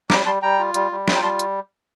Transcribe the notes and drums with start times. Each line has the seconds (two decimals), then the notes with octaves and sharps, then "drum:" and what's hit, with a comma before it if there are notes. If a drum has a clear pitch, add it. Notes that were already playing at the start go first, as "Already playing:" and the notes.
0.10 G3 A#5 D6, drum: snare
0.26 G3 A5 C6
0.42 G3 G5 A#5
0.59 F4
0.74 G3, drum: hi-hat
0.92 G3
1.08 F4, drum: snare
1.15 G5 A#5
1.23 G3 A5 C6
1.39 drum: hi-hat